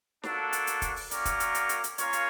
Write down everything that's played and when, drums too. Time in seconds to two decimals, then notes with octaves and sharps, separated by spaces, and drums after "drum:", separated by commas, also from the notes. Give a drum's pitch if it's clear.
0.23 A#3 D4 F#4 A4, drum: snare
0.53 drum: hi-hat
0.67 drum: hi-hat
0.82 drum: kick, hi-hat
0.96 drum: open hi-hat
1.11 A#3 C#4 F#4 A#4 D5, drum: hi-hat
1.25 drum: kick, hi-hat
1.40 drum: hi-hat
1.55 drum: hi-hat
1.69 drum: hi-hat
1.84 drum: hi-hat
1.98 A#3 C#4 F4 A#4 C#5, drum: hi-hat
2.13 drum: hi-hat